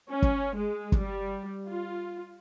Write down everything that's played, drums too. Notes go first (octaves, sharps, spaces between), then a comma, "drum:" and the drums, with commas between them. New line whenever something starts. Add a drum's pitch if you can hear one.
C#4
drum: kick
G#3
drum: kick
G3
F4